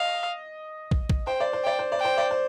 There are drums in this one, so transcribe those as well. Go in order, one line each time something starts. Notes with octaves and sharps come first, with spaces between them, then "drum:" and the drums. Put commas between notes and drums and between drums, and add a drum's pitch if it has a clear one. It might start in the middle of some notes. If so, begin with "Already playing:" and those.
Already playing: D#5 F5
drum: kick
drum: kick
C5 G5
D5
C5
D5 G5
C5
D5
C5 G5
D5
C5